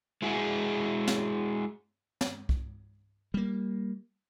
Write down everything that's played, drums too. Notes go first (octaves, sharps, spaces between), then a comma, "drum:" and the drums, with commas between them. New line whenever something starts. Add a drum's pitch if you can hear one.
G#3 E4 F#4 G#4
drum: snare
drum: snare
drum: kick C2
G3 A#3